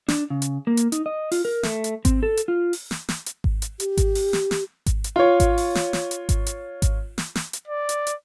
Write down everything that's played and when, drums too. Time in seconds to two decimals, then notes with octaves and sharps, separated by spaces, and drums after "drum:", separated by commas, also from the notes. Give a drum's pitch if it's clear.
0.08 D4, drum: snare
0.30 C#3
0.42 drum: hi-hat
0.67 A#3
0.77 drum: hi-hat
0.92 D#4, drum: hi-hat
1.06 D#5
1.32 F4, drum: open hi-hat
1.45 A#4
1.63 A3, drum: snare
1.84 drum: hi-hat
2.05 C4, drum: kick G#1, hi-hat
2.23 A4
2.37 drum: hi-hat
2.48 F4
2.73 drum: open hi-hat
2.91 drum: snare
3.09 drum: snare
3.26 drum: hi-hat
3.44 drum: kick G#1
3.62 drum: hi-hat
3.80 G4, drum: hi-hat
3.97 drum: kick G#1, hi-hat
4.15 drum: open hi-hat
4.33 drum: snare
4.51 drum: snare
4.86 drum: kick G#1, hi-hat
5.04 drum: hi-hat
5.16 F4 C#5
5.40 drum: kick G#1, hi-hat
5.58 drum: open hi-hat
5.75 drum: snare
5.93 drum: snare
6.11 drum: hi-hat
6.29 drum: kick G#1, hi-hat
6.47 drum: hi-hat
6.82 drum: kick G#1, hi-hat
7.18 drum: snare
7.35 drum: snare
7.53 drum: hi-hat
7.67 D5
7.89 drum: hi-hat
8.07 drum: hi-hat